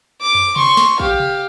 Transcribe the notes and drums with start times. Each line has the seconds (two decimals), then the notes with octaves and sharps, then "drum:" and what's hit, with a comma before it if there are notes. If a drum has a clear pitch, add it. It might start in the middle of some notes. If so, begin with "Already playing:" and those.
0.21 D6
0.35 drum: tom
0.56 C6 C#6, drum: tom C3
0.77 drum: snare
0.99 G4 F5, drum: kick
1.20 drum: tom C3